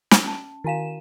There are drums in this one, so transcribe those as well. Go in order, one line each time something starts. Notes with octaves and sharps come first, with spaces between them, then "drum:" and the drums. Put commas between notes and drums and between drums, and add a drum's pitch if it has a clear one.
drum: snare
C#4 A5
D#3 E4 F#4 F5 G#5 E7